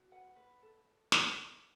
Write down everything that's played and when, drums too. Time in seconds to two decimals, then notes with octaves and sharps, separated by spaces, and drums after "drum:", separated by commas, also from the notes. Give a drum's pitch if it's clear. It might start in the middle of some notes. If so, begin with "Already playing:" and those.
Already playing: F#4
0.11 B4 F#5
0.36 B4
0.62 A4
1.12 drum: snare